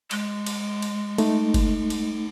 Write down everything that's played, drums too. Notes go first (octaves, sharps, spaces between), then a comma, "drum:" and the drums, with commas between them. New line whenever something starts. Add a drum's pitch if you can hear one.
G#3, drum: cymbal
drum: cymbal
drum: cymbal
A3 D#4, drum: cymbal
drum: kick F#1, cymbal
drum: cymbal